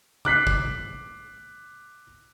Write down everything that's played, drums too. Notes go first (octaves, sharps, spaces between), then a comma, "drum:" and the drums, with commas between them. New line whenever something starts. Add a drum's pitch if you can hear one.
D6 F#6 B6 C7, drum: tom C3
drum: kick